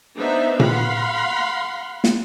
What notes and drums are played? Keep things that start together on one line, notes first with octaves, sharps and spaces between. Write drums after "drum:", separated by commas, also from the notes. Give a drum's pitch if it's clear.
B3 D4 D#4 C5 E5
F5 F#5 B5 C6, drum: tom A#2
drum: snare